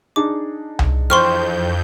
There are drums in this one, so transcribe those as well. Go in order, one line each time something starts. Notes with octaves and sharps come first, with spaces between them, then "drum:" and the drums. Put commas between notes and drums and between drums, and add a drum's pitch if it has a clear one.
D4 D#4 G#4 D6
drum: tom C2
F2 E3 C5 G5 C6 C#6 F6 G6